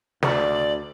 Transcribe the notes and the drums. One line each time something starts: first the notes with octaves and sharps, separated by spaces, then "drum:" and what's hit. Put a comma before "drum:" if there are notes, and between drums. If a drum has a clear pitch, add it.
D2 D5, drum: snare